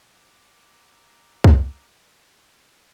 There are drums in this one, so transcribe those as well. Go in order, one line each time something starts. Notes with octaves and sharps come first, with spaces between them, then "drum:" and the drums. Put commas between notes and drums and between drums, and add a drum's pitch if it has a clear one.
F#5 A#5 D6 E6
drum: kick